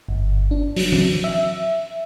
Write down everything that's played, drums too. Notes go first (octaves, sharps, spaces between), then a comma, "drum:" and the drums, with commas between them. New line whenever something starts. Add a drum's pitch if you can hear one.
G1
D4
F#3, drum: open hi-hat
drum: tom
E5